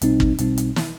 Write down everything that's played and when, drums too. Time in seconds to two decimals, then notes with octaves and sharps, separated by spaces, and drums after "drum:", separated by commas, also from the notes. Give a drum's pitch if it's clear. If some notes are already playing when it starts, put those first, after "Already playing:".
0.02 B1 B2 G3 C4 D#4, drum: hi-hat
0.20 drum: kick
0.38 B1 B2 G3 C4 D#4, drum: hi-hat
0.58 drum: hi-hat
0.76 drum: snare